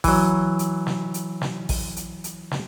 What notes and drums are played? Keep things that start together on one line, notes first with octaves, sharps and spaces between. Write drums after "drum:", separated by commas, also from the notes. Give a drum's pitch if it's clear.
E3 F#3, drum: kick, open hi-hat
drum: hi-hat
drum: snare
drum: hi-hat
drum: snare
drum: kick, open hi-hat
drum: hi-hat
drum: hi-hat
drum: snare